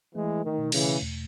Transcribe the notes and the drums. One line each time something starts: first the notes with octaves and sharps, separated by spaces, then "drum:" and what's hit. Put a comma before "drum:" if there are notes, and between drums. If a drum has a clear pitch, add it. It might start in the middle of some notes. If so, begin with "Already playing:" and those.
E3 G#3 A3
D#3
B2
C#3 E3, drum: cymbal
E2